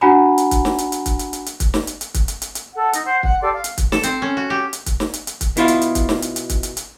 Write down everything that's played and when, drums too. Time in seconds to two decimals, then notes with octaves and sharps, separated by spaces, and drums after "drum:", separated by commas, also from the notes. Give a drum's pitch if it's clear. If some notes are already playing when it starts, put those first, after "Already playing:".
0.01 D4 F#4 F#5 G#5 A#5 B5
0.38 drum: hi-hat
0.51 drum: kick, hi-hat
0.65 drum: snare
0.78 drum: hi-hat
0.92 drum: hi-hat
1.06 drum: kick, hi-hat
1.19 drum: hi-hat
1.33 drum: hi-hat
1.46 drum: hi-hat
1.60 drum: kick, hi-hat
1.74 drum: snare
1.87 drum: hi-hat
2.01 drum: hi-hat
2.14 drum: kick, hi-hat
2.28 drum: hi-hat
2.42 drum: hi-hat
2.55 drum: hi-hat
2.74 A4 F#5
2.93 D#4, drum: hi-hat
3.04 C5 F#5
3.23 F#5, drum: kick
3.41 G4 A4 D5 C6
3.54 F5
3.64 drum: hi-hat
3.78 drum: kick, hi-hat
3.92 A4, drum: snare
4.03 C4, drum: hi-hat
4.22 C#4
4.37 F#4
4.50 G4
4.73 drum: hi-hat
4.86 drum: kick, hi-hat
5.00 drum: snare
5.14 drum: hi-hat
5.27 drum: hi-hat
5.41 drum: kick, hi-hat
5.57 B2 E4 F4, drum: hi-hat
5.68 drum: hi-hat
5.82 drum: hi-hat
5.95 drum: kick, hi-hat
6.09 drum: snare
6.22 drum: hi-hat
6.36 drum: hi-hat
6.49 drum: kick, hi-hat
6.63 drum: hi-hat
6.77 drum: hi-hat